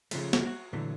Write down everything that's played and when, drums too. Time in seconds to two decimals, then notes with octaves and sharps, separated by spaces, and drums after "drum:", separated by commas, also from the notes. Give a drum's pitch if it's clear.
0.11 C#3 F3 A3, drum: cymbal
0.33 drum: snare
0.47 F#4
0.73 A#2 D3 E3 F#3 A3